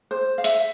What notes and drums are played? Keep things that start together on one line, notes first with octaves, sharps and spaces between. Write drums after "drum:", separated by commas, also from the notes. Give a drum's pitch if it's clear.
C5
F5
E5, drum: hi-hat